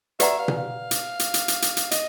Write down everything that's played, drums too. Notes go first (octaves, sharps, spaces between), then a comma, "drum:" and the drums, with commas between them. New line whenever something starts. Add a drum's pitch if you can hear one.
G4 B4 D5 E5 F#5 A#5, drum: hi-hat
F5
drum: tom B2
F5
drum: hi-hat
drum: hi-hat
drum: hi-hat
drum: hi-hat
drum: hi-hat
drum: hi-hat
D#5, drum: hi-hat